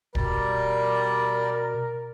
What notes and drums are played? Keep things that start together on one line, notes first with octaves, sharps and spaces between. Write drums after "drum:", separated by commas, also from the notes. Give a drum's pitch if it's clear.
B2 G3 A#4 D5, drum: kick D1